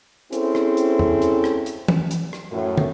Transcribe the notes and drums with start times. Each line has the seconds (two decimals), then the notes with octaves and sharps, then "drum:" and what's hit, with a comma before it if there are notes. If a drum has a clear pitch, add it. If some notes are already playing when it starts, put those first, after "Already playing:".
0.33 C4 C#4 E4 G#4 A4 C5, drum: hi-hat
0.55 drum: rim click
0.77 drum: hi-hat
0.99 drum: tom E2
1.22 drum: hi-hat
1.44 drum: rim click
1.66 drum: hi-hat
1.88 drum: tom E3
2.11 drum: hi-hat
2.33 drum: rim click
2.51 F#2 A2
2.78 drum: tom